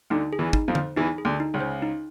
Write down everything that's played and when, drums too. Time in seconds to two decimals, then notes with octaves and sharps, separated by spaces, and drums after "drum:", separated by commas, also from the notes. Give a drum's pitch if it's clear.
0.10 D2 D3 D#4
0.33 G#4
0.39 E2 E3
0.53 D#4, drum: kick
0.68 F2 F3
0.75 C5, drum: tom D3
0.96 E2 E3 D#4
1.18 G#4
1.25 D2 D3
1.40 D#4
1.54 C#2 C#3
1.60 C5
1.82 D#4